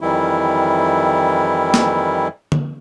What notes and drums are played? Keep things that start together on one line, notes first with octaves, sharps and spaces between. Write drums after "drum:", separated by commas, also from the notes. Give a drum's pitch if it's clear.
F2 D#3 E3 G3 E4
drum: snare
drum: tom D3